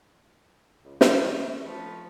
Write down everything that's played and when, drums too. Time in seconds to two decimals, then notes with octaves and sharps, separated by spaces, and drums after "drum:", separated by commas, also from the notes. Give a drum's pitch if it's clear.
0.84 C#2
1.01 E3 C#4, drum: snare
1.66 F3 A3 B4 C#5